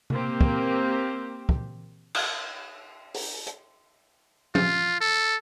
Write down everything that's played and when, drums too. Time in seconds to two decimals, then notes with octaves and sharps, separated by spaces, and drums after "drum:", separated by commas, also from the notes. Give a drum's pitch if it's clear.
0.10 A#3 C4 G4, drum: tom C3
0.41 drum: kick
1.49 drum: kick
2.15 drum: cymbal
3.15 drum: open hi-hat
3.47 drum: hi-hat
4.55 F4, drum: tom F3
5.01 A4